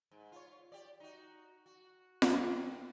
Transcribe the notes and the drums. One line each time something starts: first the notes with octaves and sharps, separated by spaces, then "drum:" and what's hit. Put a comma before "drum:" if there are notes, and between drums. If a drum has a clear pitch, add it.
G#2
F4 C#5
G4 D5
D#4 F#4
F#4
drum: snare F4
D#3